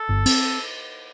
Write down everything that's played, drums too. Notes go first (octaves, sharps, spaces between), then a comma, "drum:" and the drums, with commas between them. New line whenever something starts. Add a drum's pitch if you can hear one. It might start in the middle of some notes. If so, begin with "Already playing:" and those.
Already playing: A4
G1
C4, drum: cymbal